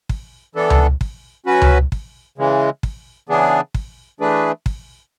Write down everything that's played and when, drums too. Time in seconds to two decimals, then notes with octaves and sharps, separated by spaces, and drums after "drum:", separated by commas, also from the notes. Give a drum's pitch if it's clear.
0.09 drum: kick
0.55 E3 B3 D4 A4
0.70 drum: tom C#2
1.01 drum: kick
1.46 F#3 C#4 F#4 B4
1.62 drum: tom C#2
1.92 drum: kick
2.38 C#3 E3 G#3
2.83 drum: kick
3.29 C#3 E3 B3 D4 G#4
3.74 drum: kick
4.20 E3 A3 D4 G#4 B4
4.66 drum: kick